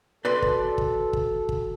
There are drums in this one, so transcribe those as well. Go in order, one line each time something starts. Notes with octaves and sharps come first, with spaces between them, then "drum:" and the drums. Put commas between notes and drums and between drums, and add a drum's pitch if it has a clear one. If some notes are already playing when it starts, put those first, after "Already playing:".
F#4 A4 B4 D5 C6
drum: kick
drum: kick
drum: kick
drum: kick